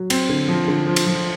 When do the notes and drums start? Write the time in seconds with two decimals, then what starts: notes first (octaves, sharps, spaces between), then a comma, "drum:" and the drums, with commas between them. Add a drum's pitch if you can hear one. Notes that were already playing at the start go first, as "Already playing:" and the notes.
Already playing: F#3
0.10 C4, drum: cymbal
0.29 D3
0.48 F3
0.68 D3
0.87 F3
0.96 drum: cymbal
1.06 F3